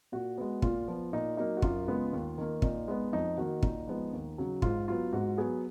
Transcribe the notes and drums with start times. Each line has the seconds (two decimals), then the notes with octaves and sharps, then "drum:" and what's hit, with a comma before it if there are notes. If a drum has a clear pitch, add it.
0.12 A#2 F#4
0.38 G#3 B3
0.62 A#2 F4, drum: kick
0.87 F3 B3
1.13 A#2 D#4
1.37 F#3 A#3 D#4
1.57 F#4
1.62 F#2 F4, drum: kick
1.88 C#3 G#3 B3
2.13 D#2
2.38 D#3 A#3
2.62 A#2 D#4, drum: kick
2.88 G#3 B3
3.13 F2 D#4
3.38 D#3 A#3 F#4
3.63 A#2 D#4, drum: kick
3.87 F3 G#3 B3
4.13 D#2
4.38 C#3 F#3
4.62 G#2 F4, drum: kick
4.88 F#3 B3 F4
5.13 G#2 F#4
5.38 F#3 B3 G#4